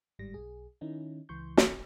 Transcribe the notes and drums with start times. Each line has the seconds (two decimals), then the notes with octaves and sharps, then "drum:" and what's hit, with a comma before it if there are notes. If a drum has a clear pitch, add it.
0.19 G1 G#2 G3 A#6
0.34 B1 G#4
0.81 D#3 C#4 D#4 E4
1.29 C#2 E3 C6 C#6 G6
1.57 drum: snare